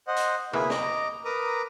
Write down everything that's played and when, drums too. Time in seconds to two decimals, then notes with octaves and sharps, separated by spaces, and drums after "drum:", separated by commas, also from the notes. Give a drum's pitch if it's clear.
0.07 C5 D#5 F#5
0.16 drum: hi-hat
0.53 A#3 E4 G#4 B4, drum: tom
0.70 D#5 A#5 D6, drum: snare
1.25 A#4 B4 A#5 D6 D#6